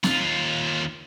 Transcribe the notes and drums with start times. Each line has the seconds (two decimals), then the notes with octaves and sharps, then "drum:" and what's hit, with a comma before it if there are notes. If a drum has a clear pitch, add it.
0.04 D#2 F4, drum: snare C4